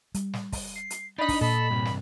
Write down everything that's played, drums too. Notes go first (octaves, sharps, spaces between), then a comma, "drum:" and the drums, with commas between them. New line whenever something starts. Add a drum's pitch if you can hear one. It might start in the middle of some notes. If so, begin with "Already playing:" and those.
G3, drum: hi-hat
drum: snare
drum: kick, open hi-hat
C7
drum: hi-hat
D4 D#4 D#5 B5
drum: kick, open hi-hat
A#2 A4 B5
G2 C3
drum: snare